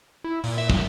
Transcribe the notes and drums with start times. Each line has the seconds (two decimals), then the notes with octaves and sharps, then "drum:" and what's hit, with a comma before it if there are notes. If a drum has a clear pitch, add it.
0.24 E4
0.44 A#2, drum: open hi-hat
0.58 E5
0.70 B1 G2, drum: kick